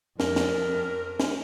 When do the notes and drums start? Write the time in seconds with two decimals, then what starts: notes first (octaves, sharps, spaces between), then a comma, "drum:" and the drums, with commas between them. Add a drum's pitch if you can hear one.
0.20 F2 A#4, drum: snare
0.36 drum: snare
1.20 drum: snare